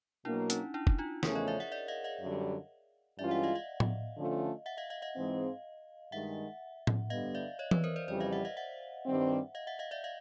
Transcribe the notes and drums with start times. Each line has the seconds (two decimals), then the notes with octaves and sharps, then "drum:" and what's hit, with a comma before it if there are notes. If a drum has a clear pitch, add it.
0.25 B2 F#3 A#3 D4 E4
0.50 C#4 D#4, drum: hi-hat
0.74 D4 E4
0.87 drum: kick
0.98 D#4 F4
1.23 E2 C#3 F3 A3 C#4 G#4 A#4, drum: snare
1.35 C#5 D#5
1.47 D5 E5
1.60 E5 F#5
1.72 D5 E5
1.88 D#5 F5
2.04 D#5 F5
2.21 F#2 D3 G3
3.18 G2 E3 G#3 C#4 F4 D5 E5
3.31 E5 F#5
3.43 D#5 F5
3.55 D#5 F5
3.80 drum: tom A2
4.17 D3 F3 A3 C#4 F4
4.66 E5 F#5
4.77 D#5 F5
4.90 D#5 F5
5.02 D#5 F5
5.15 G#2 E3 G#3 C4
6.12 G2 D#3 G#3 E5 F#5
6.87 drum: tom A2
7.10 G2 D3 G3 B3 D#5 F5
7.35 D5 E5
7.59 C#5 D#5
7.71 B4 C#5, drum: tom E3
7.84 A#4 C5
7.96 C5 D5
8.08 F2 C#3 E3 G3 C5 D5
8.20 D#5 F5
8.32 E5 F#5
8.45 D#5 F5
8.57 E5 F#5
9.06 G2 D#3 G3 C4
9.55 D#5 F5
9.67 E5 F#5
9.79 D#5 F5
9.91 D5 E5
10.04 D#5 F5